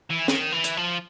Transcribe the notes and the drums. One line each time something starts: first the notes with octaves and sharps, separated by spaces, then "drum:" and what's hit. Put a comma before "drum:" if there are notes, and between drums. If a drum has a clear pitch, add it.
E3
D#3, drum: snare
E3
drum: hi-hat
F3